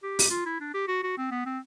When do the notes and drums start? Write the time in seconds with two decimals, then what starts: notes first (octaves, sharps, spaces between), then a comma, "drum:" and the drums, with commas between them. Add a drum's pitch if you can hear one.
0.03 G4
0.19 drum: open hi-hat
0.31 F4
0.46 E4
0.60 D4
0.74 G4
0.88 F#4
1.03 F#4
1.18 C4
1.31 B3
1.46 C4